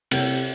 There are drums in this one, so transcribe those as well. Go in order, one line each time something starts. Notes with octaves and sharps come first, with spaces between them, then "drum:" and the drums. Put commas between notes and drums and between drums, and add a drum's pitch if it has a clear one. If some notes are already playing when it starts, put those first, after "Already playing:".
C3, drum: cymbal